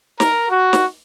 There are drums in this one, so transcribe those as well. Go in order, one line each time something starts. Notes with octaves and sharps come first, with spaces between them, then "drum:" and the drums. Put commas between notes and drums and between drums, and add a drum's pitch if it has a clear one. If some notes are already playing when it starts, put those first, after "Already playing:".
A#4, drum: snare
F#4
drum: snare